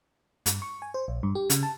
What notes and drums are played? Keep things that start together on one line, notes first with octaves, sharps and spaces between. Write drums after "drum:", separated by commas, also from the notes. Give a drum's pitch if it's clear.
G2, drum: hi-hat
C#6
G#5
C5
A#1
G2
G4
C#3, drum: hi-hat
A5